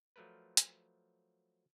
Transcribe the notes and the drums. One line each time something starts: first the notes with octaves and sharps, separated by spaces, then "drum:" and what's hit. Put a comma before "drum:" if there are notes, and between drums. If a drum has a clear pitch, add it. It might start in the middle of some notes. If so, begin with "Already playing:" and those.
F3 F#3 A3 A#4 B4
drum: hi-hat